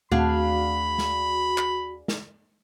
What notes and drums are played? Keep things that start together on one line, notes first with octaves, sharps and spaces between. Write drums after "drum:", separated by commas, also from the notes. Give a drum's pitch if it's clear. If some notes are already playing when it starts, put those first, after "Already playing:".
D#2 A3 C4 D4 F#4 G#4 F5 B5, drum: tom A#2
drum: snare
drum: clap
drum: snare